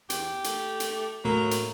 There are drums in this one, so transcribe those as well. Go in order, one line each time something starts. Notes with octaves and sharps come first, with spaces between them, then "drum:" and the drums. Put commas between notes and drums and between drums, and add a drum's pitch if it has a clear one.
E2 G4, drum: hi-hat
A3, drum: hi-hat
drum: hi-hat
A2 F#3 A#3
drum: hi-hat